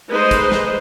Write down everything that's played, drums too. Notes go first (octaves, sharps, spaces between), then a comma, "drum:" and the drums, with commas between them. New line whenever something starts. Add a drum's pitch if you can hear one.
G#3 A3 D#4 B4 C5 D#5
drum: kick, hi-hat
drum: snare